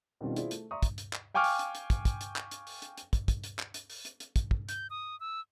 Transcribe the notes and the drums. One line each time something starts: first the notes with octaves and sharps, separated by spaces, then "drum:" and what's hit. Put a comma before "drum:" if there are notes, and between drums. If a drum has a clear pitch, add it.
B2 D#3 G3 C4 C#4 F4
E4 F4 G#4 C5 D5, drum: hi-hat
A3, drum: hi-hat
D5 E5 A#5 C6 C#6 D#6
drum: kick, hi-hat
drum: hi-hat
drum: clap
F5 G5 G#5 C#6 D6 F6
drum: open hi-hat
drum: hi-hat
drum: hi-hat
drum: kick, hi-hat
drum: kick, hi-hat
drum: hi-hat
drum: clap
drum: hi-hat
drum: open hi-hat
drum: hi-hat
drum: hi-hat
drum: kick, hi-hat
drum: kick, hi-hat
drum: hi-hat
drum: clap
drum: hi-hat
drum: open hi-hat
drum: hi-hat
drum: hi-hat
drum: kick, hi-hat
drum: kick
G6, drum: hi-hat
D#6
E6